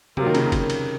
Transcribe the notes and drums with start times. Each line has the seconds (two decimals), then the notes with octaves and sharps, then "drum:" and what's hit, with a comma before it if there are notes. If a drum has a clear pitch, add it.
0.17 C3 F#3 A#3 F4 A#4, drum: tom C3
0.26 D#3
0.35 C#3, drum: cymbal
0.52 drum: kick, cymbal
0.70 drum: cymbal